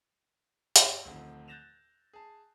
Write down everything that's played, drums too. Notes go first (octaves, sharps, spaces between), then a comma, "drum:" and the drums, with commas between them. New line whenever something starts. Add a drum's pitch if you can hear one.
G2 G3, drum: hi-hat
D2 A2 D3 D#3 F3 C4
F#6 G6 A6 A#6 E7 F7
G#4 A5